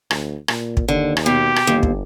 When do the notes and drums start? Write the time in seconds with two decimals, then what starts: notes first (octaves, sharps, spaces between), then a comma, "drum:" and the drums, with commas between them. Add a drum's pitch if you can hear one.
0.11 D2, drum: rim click
0.48 A#2, drum: rim click
0.77 drum: kick
0.88 D#2 D3
1.17 drum: rim click
1.26 B2 G4
1.56 drum: rim click
1.67 G1 D#2
1.83 drum: kick